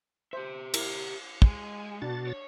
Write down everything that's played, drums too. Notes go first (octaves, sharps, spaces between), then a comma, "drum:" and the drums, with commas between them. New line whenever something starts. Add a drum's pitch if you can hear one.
G4 C5 E5
E4 A#4, drum: cymbal
G#3 G#5, drum: kick
B2 D4 F#4 A6
C#5